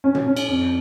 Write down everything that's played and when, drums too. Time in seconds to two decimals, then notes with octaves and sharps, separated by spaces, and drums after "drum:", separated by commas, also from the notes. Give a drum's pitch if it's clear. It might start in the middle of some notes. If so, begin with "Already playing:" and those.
0.04 C#4
0.15 drum: tom
0.26 C#4
0.37 drum: cymbal
0.48 F2